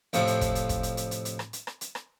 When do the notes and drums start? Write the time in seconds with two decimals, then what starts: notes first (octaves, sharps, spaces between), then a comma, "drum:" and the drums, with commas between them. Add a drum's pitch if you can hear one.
0.13 F2 A2 C3 F3, drum: hi-hat
0.27 drum: hi-hat
0.41 drum: kick, hi-hat
0.55 drum: hi-hat
0.69 drum: kick, hi-hat
0.83 drum: hi-hat
0.97 drum: hi-hat
1.11 drum: hi-hat
1.25 drum: hi-hat
1.39 drum: rim click
1.53 drum: hi-hat
1.67 drum: rim click
1.81 drum: hi-hat
1.95 drum: rim click